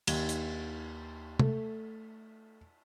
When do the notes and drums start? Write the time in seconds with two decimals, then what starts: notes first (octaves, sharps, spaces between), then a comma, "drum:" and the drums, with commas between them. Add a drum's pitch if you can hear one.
0.07 D#2, drum: cymbal
0.29 drum: hi-hat
1.39 A3, drum: tom